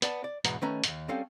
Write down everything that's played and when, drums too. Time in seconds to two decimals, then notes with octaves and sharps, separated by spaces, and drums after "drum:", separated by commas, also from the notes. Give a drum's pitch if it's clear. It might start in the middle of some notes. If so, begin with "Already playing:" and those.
0.02 B3 D5 A5, drum: hi-hat
0.24 D5
0.45 E2 G#2 B2 B3 A#5, drum: hi-hat
0.62 D#3 A3 C#4 B4 A#5
0.84 D#2 G#2, drum: hi-hat
1.08 G3 C4 C#4 A4 F5